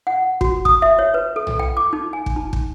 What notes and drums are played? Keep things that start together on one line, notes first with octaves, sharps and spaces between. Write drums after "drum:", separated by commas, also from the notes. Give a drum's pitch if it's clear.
F#5
F#4, drum: kick
D#6, drum: kick
E5
C#5
B4
A4
drum: tom
G5
D6
D#4
G#5
drum: kick
D#4
drum: kick